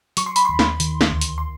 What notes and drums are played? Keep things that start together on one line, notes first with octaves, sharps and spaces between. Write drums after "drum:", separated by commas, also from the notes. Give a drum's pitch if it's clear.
F#3 C#6, drum: hi-hat
C6
B5, drum: hi-hat
D#2 C6
drum: snare
D#3, drum: hi-hat
drum: snare
D2
drum: hi-hat
C6